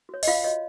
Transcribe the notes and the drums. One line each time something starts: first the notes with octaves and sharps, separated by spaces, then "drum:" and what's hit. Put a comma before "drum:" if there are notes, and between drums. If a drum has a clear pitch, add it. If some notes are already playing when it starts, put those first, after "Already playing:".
F#4 C#5
D#5, drum: open hi-hat
F4 F5
F#4 C#5 D#5